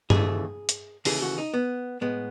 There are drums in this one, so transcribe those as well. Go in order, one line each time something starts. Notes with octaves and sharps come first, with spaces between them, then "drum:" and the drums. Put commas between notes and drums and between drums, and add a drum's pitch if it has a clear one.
D#2 C#3 E3 A3 G#4, drum: tom G2
drum: hi-hat
D#2 C#3 E3 A3 G#4, drum: open hi-hat
F#4
D#4
B3
A2 G#3 B3